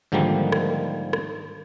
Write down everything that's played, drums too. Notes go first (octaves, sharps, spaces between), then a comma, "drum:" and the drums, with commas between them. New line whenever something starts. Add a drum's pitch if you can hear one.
G#2 D3 D#3 F3 G3 A#3
drum: rim click
drum: rim click